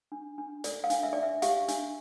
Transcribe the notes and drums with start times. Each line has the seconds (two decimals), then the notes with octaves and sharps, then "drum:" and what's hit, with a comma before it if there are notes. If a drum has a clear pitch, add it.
0.12 D4
0.38 D4
0.64 A4 D5, drum: hi-hat
0.84 F5
0.90 D4, drum: hi-hat
1.03 E5
1.13 D4 D5
1.23 E5
1.42 G4 F5, drum: hi-hat
1.68 D4, drum: hi-hat